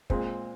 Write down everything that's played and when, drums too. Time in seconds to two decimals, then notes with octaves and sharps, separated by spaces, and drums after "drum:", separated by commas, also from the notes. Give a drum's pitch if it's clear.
0.10 A#2 G#3 C4, drum: kick